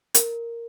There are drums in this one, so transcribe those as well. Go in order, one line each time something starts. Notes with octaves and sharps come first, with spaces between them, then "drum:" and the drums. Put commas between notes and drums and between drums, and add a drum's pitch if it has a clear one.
A#4, drum: hi-hat